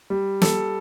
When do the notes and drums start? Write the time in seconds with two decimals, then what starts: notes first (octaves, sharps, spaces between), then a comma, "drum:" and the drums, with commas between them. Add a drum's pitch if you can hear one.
0.10 G3
0.42 A4, drum: snare